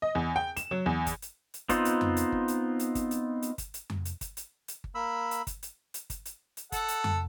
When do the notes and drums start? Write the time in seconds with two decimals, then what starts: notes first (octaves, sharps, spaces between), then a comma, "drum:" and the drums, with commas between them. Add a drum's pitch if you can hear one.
0.02 D#5
0.15 E2
0.36 G5
0.57 E7, drum: hi-hat
0.71 F#3
0.86 E2
1.06 drum: kick G1, hi-hat
1.22 drum: hi-hat
1.54 drum: hi-hat
1.69 B3 C4 D#4 F4, drum: kick G1, hi-hat
1.85 drum: hi-hat
2.01 drum: tom F2
2.17 drum: hi-hat
2.32 drum: kick G1
2.48 drum: hi-hat
2.79 drum: hi-hat
2.95 drum: kick G1, hi-hat
3.11 drum: hi-hat
3.42 drum: hi-hat
3.58 drum: kick G1, hi-hat
3.74 drum: hi-hat
3.90 drum: tom F2
4.05 drum: hi-hat
4.21 drum: kick G1, hi-hat
4.37 drum: hi-hat
4.68 drum: hi-hat
4.84 drum: kick G1
4.95 A#3 B5 E6
5.31 drum: hi-hat
5.47 drum: kick G1, hi-hat
5.63 drum: hi-hat
5.94 drum: hi-hat
6.10 drum: kick G1, hi-hat
6.25 drum: hi-hat
6.57 drum: hi-hat
6.72 A4 F#5, drum: kick G1, hi-hat
6.88 drum: hi-hat
7.04 drum: tom F2